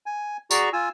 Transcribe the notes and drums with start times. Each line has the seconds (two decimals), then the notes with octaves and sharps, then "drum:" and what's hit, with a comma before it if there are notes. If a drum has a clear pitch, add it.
0.06 G#5
0.51 F#4 G#4 D5 A#5 C#6, drum: tambourine
0.73 F4 G#5 E6